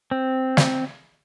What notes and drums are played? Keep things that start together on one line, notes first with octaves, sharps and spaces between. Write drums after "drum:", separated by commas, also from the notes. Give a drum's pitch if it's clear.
C4
drum: snare